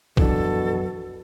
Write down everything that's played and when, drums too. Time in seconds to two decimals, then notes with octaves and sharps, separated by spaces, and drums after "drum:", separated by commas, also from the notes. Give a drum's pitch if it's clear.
0.17 F#2 B2 E3 F3 D4 A4, drum: kick A#1